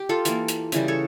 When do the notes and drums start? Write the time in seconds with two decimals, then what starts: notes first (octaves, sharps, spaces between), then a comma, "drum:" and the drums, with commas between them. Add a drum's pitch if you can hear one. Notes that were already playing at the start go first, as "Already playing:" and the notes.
Already playing: G4
0.09 F4 A4
0.25 E3 A#3, drum: hi-hat
0.48 drum: hi-hat
0.72 C#3 E3 G3, drum: hi-hat
0.88 A4 C#5